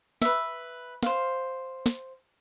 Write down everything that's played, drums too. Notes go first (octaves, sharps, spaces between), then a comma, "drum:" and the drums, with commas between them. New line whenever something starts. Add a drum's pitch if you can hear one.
B4 E5, drum: snare
C5 F5, drum: snare
drum: snare